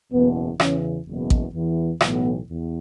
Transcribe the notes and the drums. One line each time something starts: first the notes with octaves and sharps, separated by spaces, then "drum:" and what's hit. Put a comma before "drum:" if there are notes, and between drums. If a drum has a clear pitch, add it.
F#1 E2 B2 B3
E2 C#3 E3 C#4, drum: rim click
F#1 E2 B2
drum: kick A1
E2 E3
B1 A2 E3 B3, drum: rim click
E2